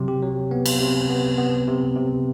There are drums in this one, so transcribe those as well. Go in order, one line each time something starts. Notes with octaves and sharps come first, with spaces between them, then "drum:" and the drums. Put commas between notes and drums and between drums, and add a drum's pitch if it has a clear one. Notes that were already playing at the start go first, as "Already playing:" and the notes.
Already playing: C3 F#3
G4
F#3
B3
drum: cymbal
C3
B3
B3
C3
C3